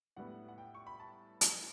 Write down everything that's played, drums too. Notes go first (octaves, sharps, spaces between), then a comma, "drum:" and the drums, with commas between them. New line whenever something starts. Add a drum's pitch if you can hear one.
A2 G3 B3 F#5
F#5
G5
C#6
B5
A5
A5, drum: hi-hat